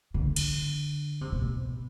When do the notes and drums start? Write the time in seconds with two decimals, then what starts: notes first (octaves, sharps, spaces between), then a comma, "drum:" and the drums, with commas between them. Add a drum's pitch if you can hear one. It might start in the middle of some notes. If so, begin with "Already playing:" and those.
0.14 D3
0.36 drum: cymbal
1.21 C3
1.32 B2